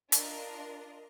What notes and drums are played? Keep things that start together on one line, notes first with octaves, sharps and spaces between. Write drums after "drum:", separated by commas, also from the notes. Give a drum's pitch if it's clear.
D4 F4 A#4 D#5, drum: hi-hat